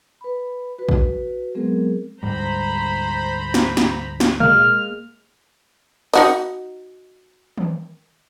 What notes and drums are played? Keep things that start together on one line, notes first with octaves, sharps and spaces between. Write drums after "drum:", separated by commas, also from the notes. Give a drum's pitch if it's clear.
B4 B5
F#4 B4
drum: kick
F#3 G#3 B3 C4 G#4 A#4
D2 G#2 G3 C5 A#5 B5
drum: snare
drum: snare
drum: snare
G#3 A#3 F6, drum: tom A#2
D#4 F#4 D#5, drum: open hi-hat
drum: tom D#3